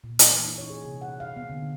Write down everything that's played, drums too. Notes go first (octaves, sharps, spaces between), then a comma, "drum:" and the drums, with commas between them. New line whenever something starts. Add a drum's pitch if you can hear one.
A#2
A#3, drum: hi-hat
E3
D#4
C#5
G#4
C3
F#5
F5
B3
D3
D3